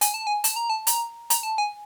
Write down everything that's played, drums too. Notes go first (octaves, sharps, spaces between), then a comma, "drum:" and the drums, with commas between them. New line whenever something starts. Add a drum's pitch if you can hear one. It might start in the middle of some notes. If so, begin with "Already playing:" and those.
G#5, drum: hi-hat
A5
G#5
A5, drum: hi-hat
A#5
A5
A#5, drum: hi-hat
A#5, drum: hi-hat
A5
G#5